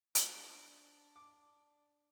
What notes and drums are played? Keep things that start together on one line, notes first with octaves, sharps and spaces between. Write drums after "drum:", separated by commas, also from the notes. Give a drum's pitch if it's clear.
D4 F#4 C5, drum: hi-hat
D6